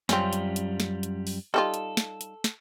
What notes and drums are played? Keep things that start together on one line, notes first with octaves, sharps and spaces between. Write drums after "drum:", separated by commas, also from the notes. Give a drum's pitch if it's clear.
F#2 G3 C4 C#4 F4, drum: snare
drum: hi-hat
drum: hi-hat
drum: snare
drum: hi-hat
drum: open hi-hat
G3 D#4 F4 A4
drum: hi-hat
drum: snare
drum: hi-hat
drum: snare